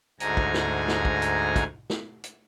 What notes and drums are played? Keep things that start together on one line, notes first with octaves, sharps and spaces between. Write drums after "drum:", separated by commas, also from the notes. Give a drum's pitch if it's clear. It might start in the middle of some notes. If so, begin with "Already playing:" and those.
D2 G#2 G#5 A#5, drum: hi-hat
drum: kick
drum: snare
drum: snare
drum: kick
drum: hi-hat
drum: kick, hi-hat
drum: snare
drum: hi-hat